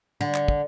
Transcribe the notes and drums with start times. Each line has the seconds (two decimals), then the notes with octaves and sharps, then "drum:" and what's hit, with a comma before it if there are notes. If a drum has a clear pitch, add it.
0.21 D3
0.35 drum: clap
0.48 drum: kick